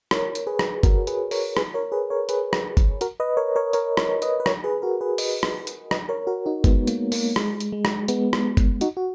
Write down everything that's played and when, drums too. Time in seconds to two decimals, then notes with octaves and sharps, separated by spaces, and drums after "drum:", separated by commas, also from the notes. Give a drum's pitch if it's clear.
0.11 A#4 C#5, drum: rim click
0.35 drum: hi-hat
0.47 G#4 B4
0.59 drum: rim click
0.83 F#4 A#4, drum: kick, hi-hat
1.07 G#4 B4, drum: hi-hat
1.31 A#4 C#5, drum: open hi-hat
1.57 G#4 B4, drum: rim click
1.74 A#4 C#5
1.92 G#4 B4
2.10 A#4 C#5
2.29 G#4 B4, drum: hi-hat
2.53 drum: rim click
2.77 drum: kick, hi-hat
3.01 F#4 A#4, drum: hi-hat
3.20 B4 D#5
3.37 A#4 C#5
3.56 A#4 C#5
3.73 A#4 C#5, drum: hi-hat
3.97 A#4 C#5, drum: rim click
4.22 B4 D#5, drum: hi-hat
4.40 B4
4.46 A#4 C#5, drum: rim click
4.64 G#4 B4
4.82 F#4 A#4
5.01 G#4 B4
5.18 B4 D#5, drum: open hi-hat
5.43 drum: rim click
5.67 drum: hi-hat
5.91 B4 D#5, drum: rim click
6.09 A#4 C#5
6.27 F#4 A#4
6.46 D#4 F#4
6.64 G#3 B3, drum: kick, hi-hat
6.87 A#3, drum: hi-hat
7.12 A#3, drum: open hi-hat
7.36 G#3, drum: rim click
7.60 drum: hi-hat
7.72 G#3
7.85 drum: rim click
8.08 G#3 B3, drum: hi-hat
8.33 drum: rim click
8.57 drum: kick, hi-hat
8.81 D#4 F#4, drum: hi-hat
8.97 F#4